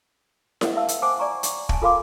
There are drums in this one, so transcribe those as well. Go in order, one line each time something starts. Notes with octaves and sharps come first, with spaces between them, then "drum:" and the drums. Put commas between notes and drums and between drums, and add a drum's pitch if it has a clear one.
A#4 E5 F#5, drum: snare E4
E5 F5 A5 E6
drum: hi-hat
C5 F#5 G#5 A5 D6
D5 G#5 A#5 C#6
drum: hi-hat
G#5 A5, drum: kick
F4 A4 A#4 F5 C6 D6